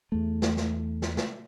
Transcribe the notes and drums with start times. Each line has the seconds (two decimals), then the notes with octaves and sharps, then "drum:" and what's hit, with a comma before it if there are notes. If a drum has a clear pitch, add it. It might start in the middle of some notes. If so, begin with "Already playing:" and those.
0.12 E2 A3
0.42 drum: snare
0.57 drum: snare
1.02 drum: snare
1.17 drum: snare